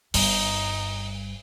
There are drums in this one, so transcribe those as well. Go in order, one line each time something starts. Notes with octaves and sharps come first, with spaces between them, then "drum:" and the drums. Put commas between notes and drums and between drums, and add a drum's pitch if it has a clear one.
G1 G2 D#4, drum: open hi-hat